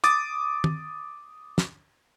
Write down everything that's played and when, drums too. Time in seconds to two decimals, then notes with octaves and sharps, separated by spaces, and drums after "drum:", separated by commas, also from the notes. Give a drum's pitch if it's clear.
0.04 D6 D#6 A6, drum: hi-hat
0.64 drum: tom D#3
1.58 drum: snare